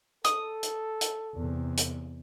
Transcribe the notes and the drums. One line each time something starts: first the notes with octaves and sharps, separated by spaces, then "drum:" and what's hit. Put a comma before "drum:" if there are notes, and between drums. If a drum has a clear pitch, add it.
A4 D#6, drum: hi-hat
drum: hi-hat
drum: hi-hat
E2 C3
drum: hi-hat